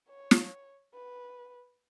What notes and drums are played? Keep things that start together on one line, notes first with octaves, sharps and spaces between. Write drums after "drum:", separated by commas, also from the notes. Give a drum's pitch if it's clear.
C#5
drum: snare
B4